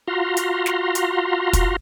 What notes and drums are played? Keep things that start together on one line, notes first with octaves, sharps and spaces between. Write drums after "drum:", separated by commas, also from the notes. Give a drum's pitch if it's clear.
F4 F#4 A#5 C6
drum: hi-hat
drum: snare
drum: hi-hat
drum: kick, hi-hat